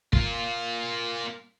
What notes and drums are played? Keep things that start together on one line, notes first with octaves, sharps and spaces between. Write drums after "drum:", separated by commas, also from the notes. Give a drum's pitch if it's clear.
A#3 F4, drum: kick